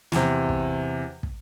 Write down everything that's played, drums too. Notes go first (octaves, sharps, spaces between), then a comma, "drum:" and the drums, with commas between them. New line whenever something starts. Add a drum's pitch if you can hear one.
E2 C3, drum: snare
drum: kick
drum: kick